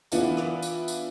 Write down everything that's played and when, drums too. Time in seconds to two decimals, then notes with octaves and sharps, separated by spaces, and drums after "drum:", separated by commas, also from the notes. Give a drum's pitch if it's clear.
0.12 E3 B3 D4 E4 F4, drum: tambourine
0.37 drum: rim click
0.62 drum: tambourine
0.88 drum: tambourine